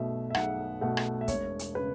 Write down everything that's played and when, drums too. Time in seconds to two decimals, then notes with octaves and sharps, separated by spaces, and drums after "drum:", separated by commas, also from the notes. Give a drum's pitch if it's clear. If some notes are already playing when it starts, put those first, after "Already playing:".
Already playing: B1 B2 A3 E5
0.30 E5
0.35 B1 F#5, drum: rim click
0.81 B2 A3 F#5
0.97 drum: rim click
1.21 E5
1.28 E1 C#5, drum: kick, hi-hat
1.59 drum: hi-hat
1.75 C#3 B4